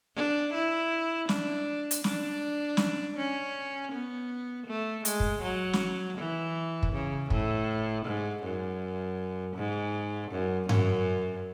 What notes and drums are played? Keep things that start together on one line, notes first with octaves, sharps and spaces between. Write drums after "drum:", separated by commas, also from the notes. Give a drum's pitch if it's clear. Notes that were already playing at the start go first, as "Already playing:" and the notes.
D4
E4
D4, drum: snare
drum: hi-hat
D4, drum: snare
drum: snare
C#4
B3
A3
G#3, drum: hi-hat
drum: kick
F#3
drum: snare
E3
drum: kick
C#3
A2, drum: kick
G#2
F#2
G#2
F#2
F#2, drum: tom G2